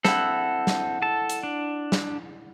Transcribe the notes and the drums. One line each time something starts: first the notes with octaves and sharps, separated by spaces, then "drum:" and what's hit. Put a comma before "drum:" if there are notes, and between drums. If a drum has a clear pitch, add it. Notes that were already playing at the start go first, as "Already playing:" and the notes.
C4 E4 A4 F#5, drum: snare
drum: snare
A4 A5
drum: hi-hat
D4
drum: snare